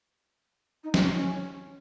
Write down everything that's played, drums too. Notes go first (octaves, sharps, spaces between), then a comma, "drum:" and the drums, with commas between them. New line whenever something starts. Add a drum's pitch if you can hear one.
D#4
C#4, drum: snare
D#4
C#4